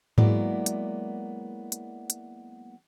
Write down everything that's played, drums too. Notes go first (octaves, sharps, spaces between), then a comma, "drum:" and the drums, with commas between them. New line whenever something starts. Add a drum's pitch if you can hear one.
F#3 G#3 A#3 B3 E4 D5, drum: tom G#2
drum: hi-hat
drum: hi-hat
drum: hi-hat